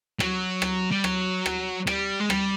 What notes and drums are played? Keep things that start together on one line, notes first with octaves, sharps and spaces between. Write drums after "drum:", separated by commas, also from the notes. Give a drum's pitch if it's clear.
F#3, drum: rim click
drum: rim click
G3
F#3, drum: rim click
drum: rim click
G3, drum: rim click
G#3
G3, drum: rim click